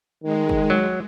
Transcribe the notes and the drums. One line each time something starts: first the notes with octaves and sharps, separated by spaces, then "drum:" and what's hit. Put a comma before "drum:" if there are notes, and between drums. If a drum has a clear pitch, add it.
D#3 G#3
drum: kick
F#3